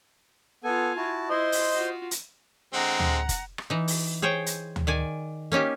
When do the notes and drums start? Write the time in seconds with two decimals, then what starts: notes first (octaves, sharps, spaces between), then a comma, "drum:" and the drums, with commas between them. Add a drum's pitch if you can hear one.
0.64 B3 F4 A4 G#5
0.97 E4 F#4 A5
1.30 E4 C5 D#5 C6
1.52 drum: open hi-hat
1.74 F4 F#4
2.11 drum: hi-hat
2.73 D3 G#3 C4 F#5 A#5
2.99 drum: tom D2
3.29 drum: kick F1, hi-hat
3.58 drum: rim click
3.70 E3 D#4
3.88 drum: open hi-hat
4.22 G#4 C5 C#5 G5
4.46 drum: hi-hat
4.76 drum: tom D2
4.87 D#3 D5 G#5
5.52 A#3 C#4 D#4 G4